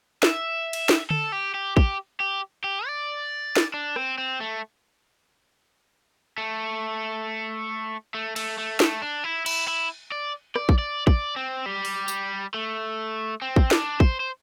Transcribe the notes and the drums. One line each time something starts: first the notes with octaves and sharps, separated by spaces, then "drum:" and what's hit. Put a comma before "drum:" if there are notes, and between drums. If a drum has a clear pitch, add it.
E5, drum: snare
drum: cymbal
drum: snare
A4, drum: tom D3
G4
G4
G4, drum: kick
G4
G4
D5
drum: snare
D4
C4, drum: rim click
C4
A3
A3
A3
A3, drum: cymbal
A3
A3, drum: snare
D4
E4
E4, drum: cymbal
E4
D5
D5, drum: rim click
drum: kick
D5
D5, drum: kick
C4
G3
drum: open hi-hat
drum: tambourine
A3
C4
drum: kick
D4, drum: snare
C5, drum: kick
C5